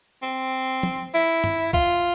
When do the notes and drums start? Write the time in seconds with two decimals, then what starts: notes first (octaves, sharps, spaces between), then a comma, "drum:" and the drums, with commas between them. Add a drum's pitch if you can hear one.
0.22 C4
0.83 drum: tom
1.14 E4
1.44 drum: tom G2
1.73 F4, drum: kick C2